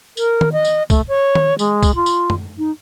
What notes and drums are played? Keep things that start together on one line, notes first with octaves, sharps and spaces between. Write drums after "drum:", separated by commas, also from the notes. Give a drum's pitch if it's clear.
A#4, drum: tambourine
drum: tom D#3
D#5
drum: tambourine
A3, drum: kick, tambourine
C#5
drum: tom D#3
G#3, drum: tambourine
drum: kick, tambourine
F4
drum: tambourine
drum: tom F#2
D#4